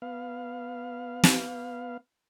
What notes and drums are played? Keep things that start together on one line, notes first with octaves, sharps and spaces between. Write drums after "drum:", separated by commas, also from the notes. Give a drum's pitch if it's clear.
B3 F5
drum: snare